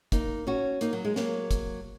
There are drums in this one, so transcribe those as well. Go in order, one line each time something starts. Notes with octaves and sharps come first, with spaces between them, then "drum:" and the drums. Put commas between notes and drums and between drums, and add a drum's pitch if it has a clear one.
A#3 D#4, drum: kick, hi-hat
C#4 F#4
A#3 D#4, drum: hi-hat
F#3
G#3
F#3 A#3, drum: snare
drum: kick, hi-hat